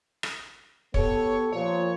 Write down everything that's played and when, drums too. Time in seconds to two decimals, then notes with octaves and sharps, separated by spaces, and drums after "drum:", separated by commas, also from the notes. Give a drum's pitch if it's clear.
0.23 drum: rim click
0.94 B3 G4 A4 C#5, drum: kick
1.52 A#2 F3 C5 C#5